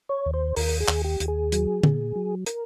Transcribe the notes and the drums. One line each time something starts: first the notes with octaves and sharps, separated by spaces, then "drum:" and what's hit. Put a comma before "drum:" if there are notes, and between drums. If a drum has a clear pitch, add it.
C#5
D#2
C5
D#2 A#4, drum: open hi-hat
G#4
D#2, drum: clap
G4
D#2, drum: hi-hat
G#4
F#3, drum: hi-hat
A#2, drum: tom D3
F#3
A#4, drum: hi-hat